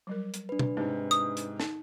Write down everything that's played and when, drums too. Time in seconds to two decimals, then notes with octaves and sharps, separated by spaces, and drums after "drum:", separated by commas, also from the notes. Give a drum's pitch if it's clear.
0.07 F#3 G3 A#4
0.34 drum: hi-hat
0.49 D4 B4
0.59 drum: tom B2
0.77 G#2 C3 C#4 D#4
1.11 D#6, drum: hi-hat
1.37 drum: hi-hat
1.60 D#4, drum: snare